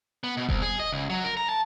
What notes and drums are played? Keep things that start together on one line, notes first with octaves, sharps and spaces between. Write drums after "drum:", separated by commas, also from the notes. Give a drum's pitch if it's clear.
B3
B2
C2, drum: kick F1
G#4
D#5
C#2
F#3
A#4
A#5
A5